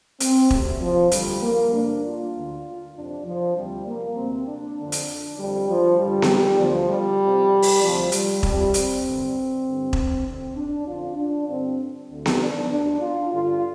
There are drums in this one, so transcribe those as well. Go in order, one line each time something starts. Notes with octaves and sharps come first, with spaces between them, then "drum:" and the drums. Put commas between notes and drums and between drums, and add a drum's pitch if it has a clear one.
C4, drum: hi-hat
D2 C3, drum: kick E1
F3
D2 D3 G3, drum: hi-hat
A#3
G2 D3 D4
F4
D2 D3
F2 C3 D4
F3
D2 C3 G3
A#3
D2 C3 C4
D4
F2 D3
drum: hi-hat
F2 D3 G3
F3
G2 D3 G3
drum: snare B3
D2 D3 F3
G3
F2 C3
drum: open hi-hat
D2 C3 F3
G3, drum: hi-hat
F2 C3 G3, drum: kick E1
C4, drum: hi-hat
G2 D3
G2 D3
drum: kick E1
F2 D3 C4
D4
F2 D3 F4
D4
G2 D3 C4
D2 D3
drum: snare B3
D4
D2 D3 D4
F4
G2 D3 F4